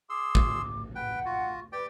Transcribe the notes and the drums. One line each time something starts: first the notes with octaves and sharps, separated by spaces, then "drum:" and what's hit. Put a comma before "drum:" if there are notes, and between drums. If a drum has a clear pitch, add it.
G#4 C6 D6 E6
drum: kick
B4 F#5 G5
F4 F#4
G4 B4 D5 G5